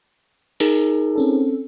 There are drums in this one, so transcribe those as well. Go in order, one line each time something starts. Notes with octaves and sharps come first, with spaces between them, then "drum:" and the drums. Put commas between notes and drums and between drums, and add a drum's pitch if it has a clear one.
D#4 G#4 A#4, drum: open hi-hat
C4 C#4 A4